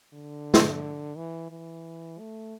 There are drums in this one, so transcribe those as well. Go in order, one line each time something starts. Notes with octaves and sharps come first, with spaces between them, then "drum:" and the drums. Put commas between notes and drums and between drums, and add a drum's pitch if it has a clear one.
D3
drum: snare
E3
E3
A3